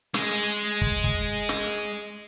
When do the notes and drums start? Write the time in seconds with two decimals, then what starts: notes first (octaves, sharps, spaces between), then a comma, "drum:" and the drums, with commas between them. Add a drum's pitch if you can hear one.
0.14 G#3 G#4, drum: snare
0.81 drum: kick
1.04 drum: kick
1.49 drum: snare